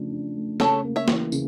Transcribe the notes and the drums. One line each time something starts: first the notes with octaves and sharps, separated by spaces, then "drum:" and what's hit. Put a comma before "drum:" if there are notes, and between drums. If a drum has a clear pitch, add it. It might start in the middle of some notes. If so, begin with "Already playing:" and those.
Already playing: C#3 F3 A3 D4
D4
A3
C#3 A4 C#5, drum: snare
A#3
C#5 E5
E3, drum: snare
C#3, drum: tambourine